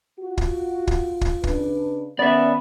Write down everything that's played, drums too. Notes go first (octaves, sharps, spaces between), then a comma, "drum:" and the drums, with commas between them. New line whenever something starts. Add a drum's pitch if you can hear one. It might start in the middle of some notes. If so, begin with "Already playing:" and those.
F4 F#4
drum: kick
drum: kick
drum: kick
C#3 D4 B4, drum: kick
D#3 B3 C#4 D5 E5